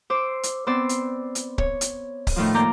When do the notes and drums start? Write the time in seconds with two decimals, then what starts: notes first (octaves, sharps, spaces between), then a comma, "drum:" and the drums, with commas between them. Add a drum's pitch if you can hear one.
0.10 C5 D6 E6
0.43 drum: hi-hat
0.67 B3 C4 C5 D5 E6
0.89 drum: hi-hat
1.35 drum: hi-hat
1.58 C#5, drum: kick C#1
1.81 drum: hi-hat
2.27 drum: kick C#1, open hi-hat
2.36 A2 D#3 F3
2.54 A#3 D5 A#5 G6